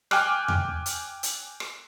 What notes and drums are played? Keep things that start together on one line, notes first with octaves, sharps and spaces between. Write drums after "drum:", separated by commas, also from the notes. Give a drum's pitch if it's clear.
G5 G#5 D6 F6 F#6, drum: rim click
drum: tom E2
drum: hi-hat
drum: hi-hat
drum: rim click